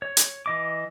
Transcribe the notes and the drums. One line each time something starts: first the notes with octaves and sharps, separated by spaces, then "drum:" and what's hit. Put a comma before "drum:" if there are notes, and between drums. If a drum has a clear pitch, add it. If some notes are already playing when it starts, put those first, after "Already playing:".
C#5
drum: hi-hat
E3 D#5 D6